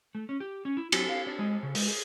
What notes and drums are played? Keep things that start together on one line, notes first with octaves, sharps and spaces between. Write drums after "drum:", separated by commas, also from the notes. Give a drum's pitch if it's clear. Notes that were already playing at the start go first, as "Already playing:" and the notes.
A3
C#4
G4
C#4
E4
F#3, drum: cymbal
F5
D4
G#3
C#3
G#3, drum: open hi-hat
G#4